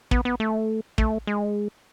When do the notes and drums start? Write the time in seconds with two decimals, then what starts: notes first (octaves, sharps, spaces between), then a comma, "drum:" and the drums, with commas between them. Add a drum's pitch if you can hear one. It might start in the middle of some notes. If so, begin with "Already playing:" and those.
0.11 B3, drum: kick
0.25 B3
0.40 A3
0.98 A3, drum: kick
1.27 G#3